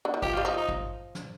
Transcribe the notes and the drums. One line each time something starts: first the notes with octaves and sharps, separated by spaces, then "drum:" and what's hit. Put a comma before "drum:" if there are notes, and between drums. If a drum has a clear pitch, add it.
D3
D#3
F3 G4, drum: kick G#1
G3 F4
F3 D#4
D#4
drum: kick G#1
drum: snare